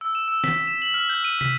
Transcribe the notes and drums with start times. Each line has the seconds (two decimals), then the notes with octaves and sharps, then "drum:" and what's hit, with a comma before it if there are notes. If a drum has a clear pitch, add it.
0.01 E6
0.15 E7
0.28 E6
0.44 B6, drum: snare
0.67 E7
0.82 F#7
0.94 F6
1.09 G6
1.25 D#7
1.41 B6, drum: tom